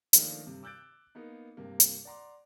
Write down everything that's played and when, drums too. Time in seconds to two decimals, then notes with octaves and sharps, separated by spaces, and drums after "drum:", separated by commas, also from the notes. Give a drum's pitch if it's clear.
0.13 D#3 F3 A3 A#3 D4, drum: hi-hat
0.47 G2 C3
0.63 D6 E6 F#6 G6 A6 D7
1.15 A#3 B3 D#4
1.57 G2 C3 A#3
1.80 drum: hi-hat
2.05 D5 F#5 A#5 C6 D6